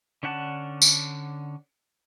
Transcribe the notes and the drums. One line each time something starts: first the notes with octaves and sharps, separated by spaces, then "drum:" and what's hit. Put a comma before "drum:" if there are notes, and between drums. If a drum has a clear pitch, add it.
D3 C#4 D4 F#5 A5
drum: tambourine